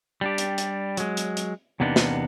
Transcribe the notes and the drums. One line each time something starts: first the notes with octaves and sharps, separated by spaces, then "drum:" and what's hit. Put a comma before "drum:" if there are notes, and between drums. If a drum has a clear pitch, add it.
G3 D4 G4
drum: hi-hat
drum: hi-hat
F#3 G#3, drum: hi-hat
drum: hi-hat
drum: hi-hat
E2 C3 A#3 B3 D4 D#4
drum: snare